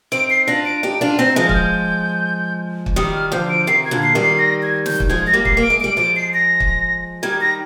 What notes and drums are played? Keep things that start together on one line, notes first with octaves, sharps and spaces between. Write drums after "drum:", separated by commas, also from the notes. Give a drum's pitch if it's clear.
C4 D#4 D7
C7
D4 F4 A#6
D7
D#4 G4 D7
D4 F4
C4 D#4 A#6
F3 G#3 A#6
F6, drum: kick
G6
drum: kick
D#3 G3 D#6
F6
D3 F3 G6
D7
C3 D#3 C7
G#6
A#2 D3
C7
D#3 G3
C7
A#6
G#6
G6, drum: snare
drum: kick
F3 G#3 G#6
A#6
G3 A#3
C7, drum: kick
A#3
D7
G#3
G3 D7
F3 G#3 D7
C7
A#6
drum: kick
D#3 G3 G#6
A#6